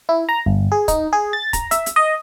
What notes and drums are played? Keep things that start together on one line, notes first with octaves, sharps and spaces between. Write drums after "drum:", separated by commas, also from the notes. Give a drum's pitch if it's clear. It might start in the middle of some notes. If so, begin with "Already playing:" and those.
E4
A#5
G1
G#4
D#4, drum: kick, hi-hat
G#4
A6
A#5, drum: kick, hi-hat
E5, drum: hi-hat
drum: hi-hat
D#5